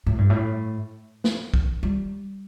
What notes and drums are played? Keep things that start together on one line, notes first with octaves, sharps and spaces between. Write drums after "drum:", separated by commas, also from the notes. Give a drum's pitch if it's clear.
A2
G2
A2
drum: snare
drum: kick
G3